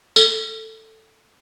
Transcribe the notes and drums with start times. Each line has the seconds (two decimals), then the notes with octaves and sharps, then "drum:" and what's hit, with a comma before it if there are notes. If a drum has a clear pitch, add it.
0.16 A4, drum: tambourine